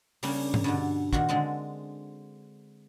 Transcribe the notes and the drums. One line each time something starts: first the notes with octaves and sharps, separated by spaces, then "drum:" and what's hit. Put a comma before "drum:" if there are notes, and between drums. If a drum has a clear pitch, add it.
C#3 G3 A#3 C#4 D4, drum: open hi-hat
drum: tom G#2
G2 B2 D3
A#2 D#3 F#4, drum: kick
D3 G#3 C4